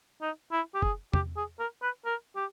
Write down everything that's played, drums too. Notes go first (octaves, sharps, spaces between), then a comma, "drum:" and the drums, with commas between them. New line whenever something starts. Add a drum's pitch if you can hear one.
D#4
E4
G4
G#4, drum: kick F#1
G4, drum: tom E2
G#4
A#4
B4
A#4
G4